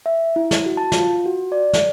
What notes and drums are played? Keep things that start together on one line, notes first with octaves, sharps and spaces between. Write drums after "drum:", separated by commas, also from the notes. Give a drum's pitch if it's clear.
E5
E4
drum: snare
F#4
A5
F4, drum: snare
F#4
D5
drum: snare